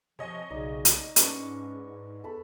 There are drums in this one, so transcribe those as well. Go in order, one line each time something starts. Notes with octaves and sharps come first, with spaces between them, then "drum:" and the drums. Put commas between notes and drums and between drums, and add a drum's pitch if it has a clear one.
C3 F3 C#5 D#5 G#5 C#6
B1 C#3 D#4 D5
drum: hi-hat
G#2 C#4 D4 B4 C#6, drum: hi-hat
E2 A4 B5